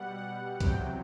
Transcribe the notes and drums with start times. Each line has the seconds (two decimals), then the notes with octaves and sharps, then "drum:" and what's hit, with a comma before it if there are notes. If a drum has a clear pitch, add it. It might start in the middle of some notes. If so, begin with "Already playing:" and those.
Already playing: B2 G3 F#5
0.17 F#5
0.60 E2 C3 F#3 G5, drum: kick B1, hi-hat